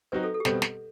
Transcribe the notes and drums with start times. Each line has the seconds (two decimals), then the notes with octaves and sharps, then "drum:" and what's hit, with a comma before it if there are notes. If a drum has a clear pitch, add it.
0.12 F#3 C4 D#4 F#4 B4
0.23 A4
0.34 A4
0.40 G4
0.45 B2 G3 C4 A4, drum: snare
0.62 drum: snare